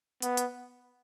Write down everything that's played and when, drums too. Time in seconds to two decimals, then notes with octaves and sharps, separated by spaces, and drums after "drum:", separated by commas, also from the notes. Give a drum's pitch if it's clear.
0.22 B3, drum: hi-hat
0.37 drum: hi-hat